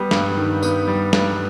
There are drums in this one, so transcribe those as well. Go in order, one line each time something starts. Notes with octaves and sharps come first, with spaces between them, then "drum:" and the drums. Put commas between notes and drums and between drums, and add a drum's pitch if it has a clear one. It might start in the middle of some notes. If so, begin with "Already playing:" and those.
Already playing: G3 B3
G2, drum: snare
D#3
B3, drum: tambourine
G3
G2, drum: snare